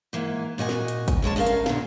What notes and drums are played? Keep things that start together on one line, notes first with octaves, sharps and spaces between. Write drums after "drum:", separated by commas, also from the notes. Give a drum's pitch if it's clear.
G#2 E3 A#3
A#2 F#4 D#5 G#5
drum: snare
drum: hi-hat
drum: kick, hi-hat
F#2 G#3 C#5 A5
E2 A3 C#4 A#4 F5
drum: hi-hat
A#2 D3, drum: snare